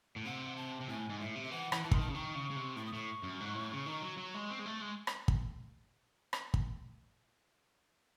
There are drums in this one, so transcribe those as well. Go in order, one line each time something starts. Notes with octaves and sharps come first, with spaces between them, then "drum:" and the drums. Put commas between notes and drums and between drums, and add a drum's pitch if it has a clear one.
A2
C3 F#5
A5
C3
A2 G#5
G#2
A2 E5
C3
E5
E3 F#5
E3, drum: rim click
E3 A5
D#3 C6, drum: kick
A5
C#3
D#3 C#6
C#3
C#3
C3
A2 C#6
D#6
A2 C#6
F#2
G#2
A2
C#3
D#3
F#3
F#3
G#3
C4
G#3
A3
G#3
drum: rim click
drum: kick
drum: rim click
drum: kick